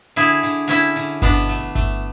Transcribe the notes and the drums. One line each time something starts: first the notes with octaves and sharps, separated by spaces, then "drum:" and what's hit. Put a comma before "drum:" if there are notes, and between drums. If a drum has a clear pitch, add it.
D3 E4 G#4
D3
D3 C#4 E4, drum: snare
D3
B2 B3 D4, drum: kick G1
A3
A3, drum: kick G1